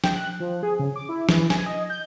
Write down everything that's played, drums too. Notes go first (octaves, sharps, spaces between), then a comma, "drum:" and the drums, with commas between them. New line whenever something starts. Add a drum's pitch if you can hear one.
G5, drum: snare
F#6
F3
G#4
C#3
D6
E4
E3, drum: snare
G#5, drum: snare
D#5
G6